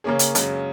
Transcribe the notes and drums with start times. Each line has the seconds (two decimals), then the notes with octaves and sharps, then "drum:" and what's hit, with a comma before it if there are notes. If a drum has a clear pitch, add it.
0.04 C#3 A#3 C#4 G#4
0.19 drum: hi-hat
0.35 F#2 C#3 G#3, drum: hi-hat